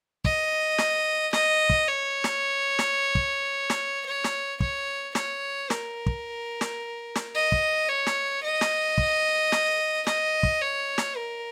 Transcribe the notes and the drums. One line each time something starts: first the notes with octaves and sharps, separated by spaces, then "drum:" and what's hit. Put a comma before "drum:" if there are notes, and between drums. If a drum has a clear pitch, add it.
D#5, drum: kick
drum: snare
D#5, drum: snare
drum: kick
C#5
drum: snare
drum: snare
drum: kick
drum: snare
C#5
drum: snare
C#5, drum: kick
C#5, drum: snare
A#4, drum: snare
drum: kick
drum: snare
drum: snare
D#5
drum: kick
C#5
drum: snare
D#5
drum: snare
drum: kick
drum: snare
D#5, drum: snare
drum: kick
C#5
drum: snare
A#4